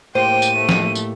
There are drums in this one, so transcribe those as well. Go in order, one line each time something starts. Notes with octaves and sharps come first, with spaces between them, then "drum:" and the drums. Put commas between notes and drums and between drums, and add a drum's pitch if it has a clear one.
A2 A#3 G4 C5 G5 D#7
drum: tambourine
A3
drum: snare F3
drum: tambourine